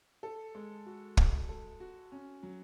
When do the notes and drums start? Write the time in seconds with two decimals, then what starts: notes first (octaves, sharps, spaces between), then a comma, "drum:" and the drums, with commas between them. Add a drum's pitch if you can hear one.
0.23 A4
0.55 G#3
0.86 F#4
1.17 A4, drum: kick
1.49 A4
1.80 F#4
2.12 C#4
2.43 F#3